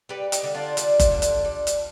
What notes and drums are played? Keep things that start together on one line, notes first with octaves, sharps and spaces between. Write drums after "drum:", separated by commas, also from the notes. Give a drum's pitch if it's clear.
G3 G4 B4
D#4 G4, drum: hi-hat
D3
D4 F4
G3, drum: hi-hat
drum: kick F#1, hi-hat
D3
drum: hi-hat
G3
drum: hi-hat